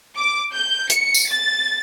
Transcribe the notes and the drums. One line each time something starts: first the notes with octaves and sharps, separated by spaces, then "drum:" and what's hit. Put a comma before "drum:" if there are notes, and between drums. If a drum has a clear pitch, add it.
D6
G6
C#7, drum: hi-hat
drum: tambourine
A6